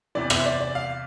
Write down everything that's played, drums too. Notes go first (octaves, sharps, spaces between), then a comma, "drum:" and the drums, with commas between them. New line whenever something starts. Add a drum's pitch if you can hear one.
E2 C3 E3 D5
E5, drum: rim click
C5
D5
D5
F5